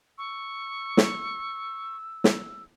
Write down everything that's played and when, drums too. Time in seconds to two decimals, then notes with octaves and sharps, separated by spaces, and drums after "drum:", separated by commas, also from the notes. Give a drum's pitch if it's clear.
0.18 C#6 E6
0.97 drum: snare
2.24 drum: snare